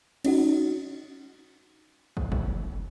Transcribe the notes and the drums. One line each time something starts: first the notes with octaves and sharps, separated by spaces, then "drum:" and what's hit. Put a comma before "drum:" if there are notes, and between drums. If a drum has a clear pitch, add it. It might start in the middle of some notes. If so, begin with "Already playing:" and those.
C#4 D#4 F#4, drum: cymbal
drum: kick
drum: kick